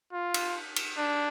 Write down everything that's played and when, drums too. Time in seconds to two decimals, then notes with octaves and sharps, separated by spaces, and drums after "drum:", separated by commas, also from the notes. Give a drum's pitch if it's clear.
0.13 F4
0.34 drum: cymbal
0.76 drum: cymbal
0.97 D4